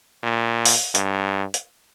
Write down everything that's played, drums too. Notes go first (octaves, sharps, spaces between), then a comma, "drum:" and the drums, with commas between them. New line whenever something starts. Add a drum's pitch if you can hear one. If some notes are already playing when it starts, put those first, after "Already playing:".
A#2
drum: open hi-hat
G2, drum: hi-hat
drum: hi-hat